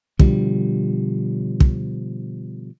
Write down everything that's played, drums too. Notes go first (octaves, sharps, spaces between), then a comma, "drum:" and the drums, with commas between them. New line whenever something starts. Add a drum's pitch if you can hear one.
B2 D3 F3 G3, drum: kick
drum: kick